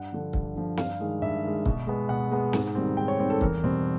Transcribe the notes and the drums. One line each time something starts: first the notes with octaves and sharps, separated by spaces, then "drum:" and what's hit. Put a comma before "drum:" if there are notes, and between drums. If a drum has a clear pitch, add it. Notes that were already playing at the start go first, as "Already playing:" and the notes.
Already playing: G2 F#5
D3 F3
G2, drum: kick C#1
D3 F3
G2 F5, drum: snare
D#3 G#3
G2 E5
D#3 G#3
B2, drum: kick C#1
G#3 B3
B2 F#5
G#3 B3
G#2, drum: snare
D#3 G3 C4
G#2 G5
C#5
D#3 G3 C4
A4
E2 A#4, drum: kick C#1
B2 G3 C4